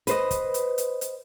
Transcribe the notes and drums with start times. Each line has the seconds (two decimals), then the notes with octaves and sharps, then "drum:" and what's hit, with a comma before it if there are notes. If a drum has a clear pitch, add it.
0.07 B4 C5 D#5, drum: hi-hat
0.31 drum: kick, hi-hat
0.54 drum: hi-hat
0.78 drum: hi-hat
1.01 drum: hi-hat